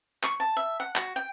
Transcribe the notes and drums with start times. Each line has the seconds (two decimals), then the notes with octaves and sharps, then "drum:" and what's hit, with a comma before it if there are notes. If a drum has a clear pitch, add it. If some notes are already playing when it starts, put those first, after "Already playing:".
0.23 C#6, drum: clap
0.40 A5
0.57 E5
0.80 F#5
0.96 F#4, drum: clap
1.16 G5